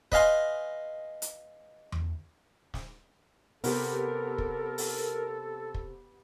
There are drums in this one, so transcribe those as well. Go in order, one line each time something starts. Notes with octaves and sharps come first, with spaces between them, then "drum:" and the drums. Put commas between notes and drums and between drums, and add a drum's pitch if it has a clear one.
B4 D#5 F5 G#5 C6, drum: kick
drum: hi-hat
drum: tom E2
drum: snare
C3 B3 G4 A4 A#4, drum: open hi-hat
drum: kick
drum: open hi-hat
drum: kick